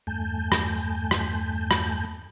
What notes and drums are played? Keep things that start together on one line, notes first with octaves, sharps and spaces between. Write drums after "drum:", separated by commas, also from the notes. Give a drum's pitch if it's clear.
E2 G2 A3 G#5 A5 G6
drum: rim click
drum: rim click
drum: rim click